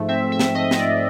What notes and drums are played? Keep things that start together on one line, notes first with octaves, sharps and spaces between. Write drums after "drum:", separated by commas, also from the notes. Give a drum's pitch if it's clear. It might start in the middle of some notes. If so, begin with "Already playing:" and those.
Already playing: G#2 F3 A3
C4 E5
G#2
E5
F3, drum: snare
A3 D#5
C4, drum: snare
D5